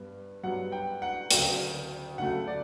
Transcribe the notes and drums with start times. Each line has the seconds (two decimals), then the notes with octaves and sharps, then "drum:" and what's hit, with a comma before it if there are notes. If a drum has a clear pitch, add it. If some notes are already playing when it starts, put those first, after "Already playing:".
Already playing: G2 B3
0.43 G2 F#3 B3 F#5
0.72 G5
1.02 F#5
1.31 D2 C#3 F#3 A3 G5, drum: hi-hat
2.18 D2 C#3 F#3 A3 F#5
2.47 D5